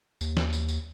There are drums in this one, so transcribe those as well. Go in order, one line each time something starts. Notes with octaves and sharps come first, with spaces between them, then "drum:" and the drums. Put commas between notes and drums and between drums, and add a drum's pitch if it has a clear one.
D#2, drum: tambourine
drum: snare
drum: tambourine
drum: tambourine